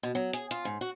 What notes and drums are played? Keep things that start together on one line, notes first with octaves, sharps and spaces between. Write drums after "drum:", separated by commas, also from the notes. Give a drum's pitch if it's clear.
B2
F#3
G#4, drum: hi-hat
F4, drum: hi-hat
G#2
F#4